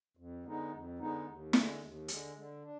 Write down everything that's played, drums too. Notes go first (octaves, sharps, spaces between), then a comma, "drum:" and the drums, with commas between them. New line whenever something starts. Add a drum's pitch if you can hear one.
F2
D3 G#3 B3 D#4
F2
D3 G#3 B3 D#4
D#2
D3 G#3, drum: snare
D#2
D3 G#3, drum: hi-hat
D3
D4